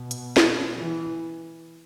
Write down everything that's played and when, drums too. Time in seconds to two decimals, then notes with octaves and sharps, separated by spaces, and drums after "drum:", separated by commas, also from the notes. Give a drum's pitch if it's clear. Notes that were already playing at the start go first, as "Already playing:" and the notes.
Already playing: B2
0.11 drum: hi-hat
0.37 drum: snare
0.73 E3